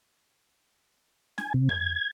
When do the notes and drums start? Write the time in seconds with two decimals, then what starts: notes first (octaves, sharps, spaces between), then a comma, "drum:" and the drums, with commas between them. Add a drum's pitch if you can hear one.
1.38 G#5, drum: snare
1.54 C3
1.69 G#6, drum: tom F2